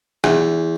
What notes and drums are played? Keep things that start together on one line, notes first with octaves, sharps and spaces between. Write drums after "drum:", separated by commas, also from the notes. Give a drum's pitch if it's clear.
E2, drum: rim click